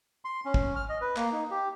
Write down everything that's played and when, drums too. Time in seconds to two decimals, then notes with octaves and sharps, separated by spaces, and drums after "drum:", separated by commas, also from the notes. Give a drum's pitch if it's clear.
0.25 C6
0.45 C#4
0.54 drum: kick
0.76 F6
0.89 D#5
1.01 B4
1.16 A#3, drum: clap
1.32 D#4
1.51 G4